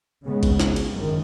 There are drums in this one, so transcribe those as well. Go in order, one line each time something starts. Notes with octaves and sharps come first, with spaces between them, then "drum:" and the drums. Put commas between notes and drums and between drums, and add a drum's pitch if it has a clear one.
C#3 G#3 B3
drum: kick G#1, cymbal
drum: snare
drum: cymbal
F#2 D#3